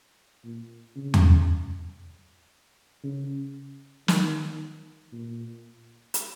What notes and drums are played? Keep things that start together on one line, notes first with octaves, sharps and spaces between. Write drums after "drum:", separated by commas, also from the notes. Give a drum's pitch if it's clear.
A#2
C#3
drum: tom E2
C#3
D#3, drum: snare
A#2
drum: hi-hat